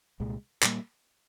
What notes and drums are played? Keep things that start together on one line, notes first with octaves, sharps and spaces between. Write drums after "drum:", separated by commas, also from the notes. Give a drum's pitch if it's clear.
C2 A#2 G#3
A#2 G3 A#3, drum: clap